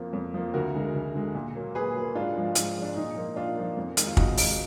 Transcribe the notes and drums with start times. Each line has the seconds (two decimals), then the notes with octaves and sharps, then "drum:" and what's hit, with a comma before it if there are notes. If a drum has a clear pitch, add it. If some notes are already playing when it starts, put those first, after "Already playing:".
Already playing: F2 F3 A#3
0.13 F2
0.34 F3 A#3
0.54 D2 F#4 A#4
0.75 D3 G#3
0.94 D2
1.15 D3 G#3
1.34 A#2
1.55 F#3 A#3
1.75 A#2 G#4 B4
1.95 F#3 A#3
2.15 G#2 D4 F4
2.36 F3 G#3
2.55 G#2, drum: hi-hat
2.76 F3 G#3
2.82 D4
2.96 A#2 D#4
3.16 F3 A#3
3.36 A#2 D4 F4
3.56 F3 A#3
3.77 F2
3.97 D#3 G#3, drum: hi-hat
4.07 F4
4.17 F2 D#4 F#4, drum: kick
4.37 D#3 G#3, drum: open hi-hat